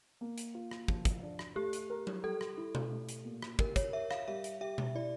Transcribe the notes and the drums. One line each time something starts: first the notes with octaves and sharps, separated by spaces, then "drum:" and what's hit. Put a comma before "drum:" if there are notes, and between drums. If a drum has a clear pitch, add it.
A#3
drum: hi-hat
F4
drum: rim click
F3, drum: kick
drum: kick, hi-hat
D4
drum: rim click
A3 G4
drum: hi-hat
A#4
drum: tom F#3
G3 A4
drum: rim click
E4
drum: tom B2
A3
drum: hi-hat
A#2
drum: rim click
G4 A#4, drum: kick
C#5, drum: kick, hi-hat
C#5 E5
F5, drum: rim click
G3 E5
drum: hi-hat
G4 E5
drum: tom B2
E4 D5